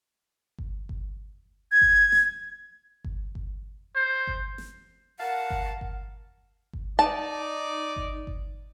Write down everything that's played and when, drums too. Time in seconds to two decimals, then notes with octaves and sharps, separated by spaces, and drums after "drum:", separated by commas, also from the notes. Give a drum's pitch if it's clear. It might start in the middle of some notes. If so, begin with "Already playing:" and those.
0.58 drum: kick G1
0.89 drum: kick G1
1.72 G#6
1.81 drum: kick G1
2.12 drum: snare
3.04 drum: kick G1
3.35 drum: kick G1
3.96 C5
4.27 drum: kick G1
4.58 drum: snare
5.20 A#4 F5 F#5 A5
5.50 drum: kick G1
5.81 drum: kick G1
6.73 drum: kick G1
6.99 D#4 D5 A5
7.96 drum: kick G1
8.27 drum: kick G1